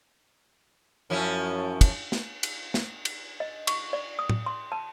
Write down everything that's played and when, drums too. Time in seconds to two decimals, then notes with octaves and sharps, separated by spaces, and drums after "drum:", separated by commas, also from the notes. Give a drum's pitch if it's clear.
1.10 F#2 F3 C#4 E4
1.81 drum: kick, cymbal
2.12 drum: snare
2.43 drum: cymbal
2.74 drum: snare
3.05 drum: cymbal
3.40 D#5
3.67 C#6, drum: cymbal
3.93 D5
4.19 D#6
4.29 drum: tom
4.46 C6
4.72 A5